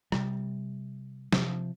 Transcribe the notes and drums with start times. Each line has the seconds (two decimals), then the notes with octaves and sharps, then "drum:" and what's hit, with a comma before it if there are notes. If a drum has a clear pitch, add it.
0.12 C3 G3, drum: rim click
1.33 C3 F3, drum: snare